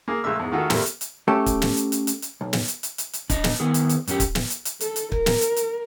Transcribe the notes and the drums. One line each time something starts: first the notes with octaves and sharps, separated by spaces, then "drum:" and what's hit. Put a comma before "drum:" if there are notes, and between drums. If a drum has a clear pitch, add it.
A#3 G#4
A#1 G#3 A3 E5 E6
E2 G#2
D#3 A3 F4 F#4 G#4 A4
F2 G3 A3 A#4, drum: snare
drum: hi-hat
drum: hi-hat
A3 C#4 G4 A4
drum: kick, hi-hat
drum: snare
drum: hi-hat
drum: hi-hat
drum: hi-hat
drum: hi-hat
B1
drum: snare
drum: hi-hat
drum: hi-hat
drum: hi-hat
drum: hi-hat
D4 D#5, drum: kick, hi-hat
drum: snare
D#3 B3 G#4
drum: hi-hat
drum: hi-hat
F#2 C#4 G4, drum: hi-hat
drum: kick, hi-hat
drum: snare
drum: hi-hat
drum: hi-hat
A4, drum: hi-hat
drum: hi-hat
A#4, drum: kick
drum: snare
drum: hi-hat
drum: hi-hat